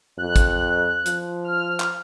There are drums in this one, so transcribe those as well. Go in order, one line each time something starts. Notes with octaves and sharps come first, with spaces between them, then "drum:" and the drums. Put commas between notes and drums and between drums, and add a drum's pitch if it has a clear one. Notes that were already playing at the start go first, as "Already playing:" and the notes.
F2 F#6
drum: kick, hi-hat
F3, drum: hi-hat
F6
drum: clap